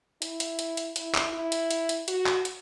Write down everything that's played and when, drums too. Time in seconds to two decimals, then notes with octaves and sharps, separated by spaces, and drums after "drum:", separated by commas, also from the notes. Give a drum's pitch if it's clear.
0.22 E4, drum: hi-hat
0.40 drum: hi-hat
0.59 drum: hi-hat
0.77 drum: hi-hat
0.96 E4, drum: hi-hat
1.15 drum: clap
1.33 E4
1.52 drum: hi-hat
1.71 drum: hi-hat
1.89 drum: hi-hat
2.08 F#4, drum: hi-hat
2.26 drum: clap
2.45 drum: hi-hat